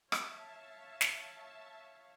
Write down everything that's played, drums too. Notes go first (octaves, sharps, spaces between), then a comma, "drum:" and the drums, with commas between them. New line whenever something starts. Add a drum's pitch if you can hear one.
C#5 E5 F5 A5, drum: rim click
drum: snare